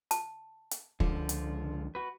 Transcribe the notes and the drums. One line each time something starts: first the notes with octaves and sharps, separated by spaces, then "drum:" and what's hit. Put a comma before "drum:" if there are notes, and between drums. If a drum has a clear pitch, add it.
A5, drum: hi-hat
drum: hi-hat
C#2 D3 F3, drum: kick
drum: hi-hat
F#4 B4